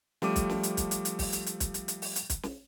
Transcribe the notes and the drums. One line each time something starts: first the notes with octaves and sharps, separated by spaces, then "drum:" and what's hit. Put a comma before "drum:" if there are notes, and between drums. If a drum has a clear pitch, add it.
F3 G3 A3 D6 D#7, drum: snare
drum: kick, hi-hat
drum: snare
drum: hi-hat
drum: kick, hi-hat
drum: hi-hat
drum: hi-hat
drum: kick, open hi-hat
drum: hi-hat
drum: hi-hat
drum: kick, hi-hat
drum: hi-hat
drum: hi-hat
drum: open hi-hat
drum: hi-hat
drum: kick, hi-hat
drum: snare